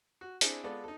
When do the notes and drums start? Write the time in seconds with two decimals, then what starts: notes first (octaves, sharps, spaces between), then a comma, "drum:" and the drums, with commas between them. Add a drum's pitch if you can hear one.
0.21 F#4
0.41 C4 D4 E4 G#4, drum: hi-hat
0.64 G#3 B3 F4 A4 D5
0.84 D#4 A4